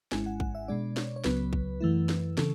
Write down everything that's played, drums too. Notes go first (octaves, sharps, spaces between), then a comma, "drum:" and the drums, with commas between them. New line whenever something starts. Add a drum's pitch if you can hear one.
G#1 G#2 G#3 C#4 E4 G#5, drum: snare
F#5
F#5, drum: kick A#1
E5
B2 G#3 D4 D5
C#5, drum: snare
C#5
C#2 C#3 F#3 B3 B4, drum: snare
drum: kick A#1
F#2 E3 A3 E4
drum: snare
C#3 E3 A4, drum: snare